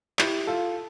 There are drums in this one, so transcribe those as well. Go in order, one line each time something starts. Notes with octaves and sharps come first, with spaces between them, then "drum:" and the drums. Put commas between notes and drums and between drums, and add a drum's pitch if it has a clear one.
E4 G4, drum: clap
F4 A4